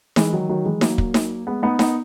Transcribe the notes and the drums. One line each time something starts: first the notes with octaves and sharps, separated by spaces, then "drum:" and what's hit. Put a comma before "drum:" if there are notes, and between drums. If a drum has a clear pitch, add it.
E3 G#3, drum: snare D#4
D#3 F#3
D#3 F#3
E3 G#3
F#3 A#3, drum: snare D#4
drum: kick
drum: snare D#4
G#3 B3
B3 D#4
B3 D#4, drum: snare D#4